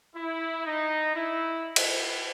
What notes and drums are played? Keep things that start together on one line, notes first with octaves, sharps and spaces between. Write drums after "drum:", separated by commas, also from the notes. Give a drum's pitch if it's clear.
E4
D#4
E4
drum: cymbal